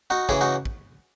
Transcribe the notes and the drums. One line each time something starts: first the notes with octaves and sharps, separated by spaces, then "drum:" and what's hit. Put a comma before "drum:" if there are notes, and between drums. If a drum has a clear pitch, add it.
D#4 F#4
C#3 E3 E4 G#4, drum: kick
D#4 F#4
drum: kick